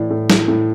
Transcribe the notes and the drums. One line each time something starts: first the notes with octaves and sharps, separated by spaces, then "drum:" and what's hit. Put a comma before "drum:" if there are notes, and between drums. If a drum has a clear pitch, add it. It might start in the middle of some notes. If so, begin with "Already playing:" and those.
Already playing: A2 E3 D5
A2
E3, drum: snare
A2